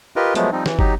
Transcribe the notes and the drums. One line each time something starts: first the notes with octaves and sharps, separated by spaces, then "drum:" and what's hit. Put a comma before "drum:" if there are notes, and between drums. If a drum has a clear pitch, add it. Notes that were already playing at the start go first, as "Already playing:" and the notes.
F4 G4 A#4 B4 D#5
F3 F#3 G#3 A3 B3, drum: hi-hat
F3 G3 C4 D#4
E3, drum: snare
F#3 D#4 G4, drum: kick